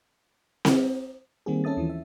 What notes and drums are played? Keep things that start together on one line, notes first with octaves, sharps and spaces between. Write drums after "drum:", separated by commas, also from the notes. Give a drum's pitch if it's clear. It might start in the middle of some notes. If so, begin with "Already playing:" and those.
drum: snare C4
D#3 G3 A#3 C4 F#4 G#4
C#4 A4 E5 D#6 A6
D#2 E3 F3
E5